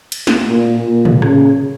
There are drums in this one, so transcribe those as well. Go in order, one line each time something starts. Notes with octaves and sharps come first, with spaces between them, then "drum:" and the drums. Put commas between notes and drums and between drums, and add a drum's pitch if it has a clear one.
drum: cymbal
drum: snare
A#2
A#2
drum: tom
C#3, drum: rim click